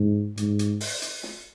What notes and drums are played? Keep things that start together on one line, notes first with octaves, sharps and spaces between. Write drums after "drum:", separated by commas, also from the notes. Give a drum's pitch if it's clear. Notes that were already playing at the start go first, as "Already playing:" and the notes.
Already playing: G#2
G#2, drum: hi-hat
drum: hi-hat
drum: open hi-hat
drum: hi-hat
drum: snare